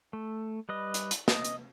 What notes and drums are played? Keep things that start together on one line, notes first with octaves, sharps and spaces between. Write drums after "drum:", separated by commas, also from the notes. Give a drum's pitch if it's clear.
A3
G3 B4 D#5
drum: hi-hat
drum: hi-hat
D#5, drum: snare
drum: hi-hat